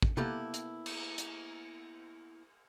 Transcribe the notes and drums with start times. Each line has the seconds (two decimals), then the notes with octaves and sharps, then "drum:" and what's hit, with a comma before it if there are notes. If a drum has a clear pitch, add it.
0.02 drum: kick
0.17 A#3 B3 E4 G4 A4 B4, drum: tom C3
0.54 drum: hi-hat
0.86 drum: cymbal
1.18 drum: hi-hat